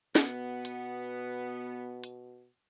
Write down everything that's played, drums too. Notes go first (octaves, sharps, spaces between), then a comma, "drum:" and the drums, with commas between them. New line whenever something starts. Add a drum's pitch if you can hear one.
B2 B3, drum: snare
drum: hi-hat
drum: hi-hat